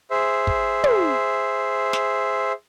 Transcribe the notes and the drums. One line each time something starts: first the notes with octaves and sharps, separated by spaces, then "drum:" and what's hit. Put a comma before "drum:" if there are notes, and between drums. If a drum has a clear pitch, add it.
G#4 C5 E5
drum: kick
drum: tom
drum: snare